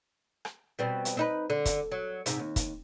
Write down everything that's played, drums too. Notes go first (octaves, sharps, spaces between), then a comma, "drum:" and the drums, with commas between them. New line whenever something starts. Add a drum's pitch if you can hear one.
drum: rim click
B2 G3 C4
drum: hi-hat
C4 D#4 B4
D3
drum: kick, hi-hat
F#3
G#2 C3, drum: hi-hat
D#2
drum: kick, hi-hat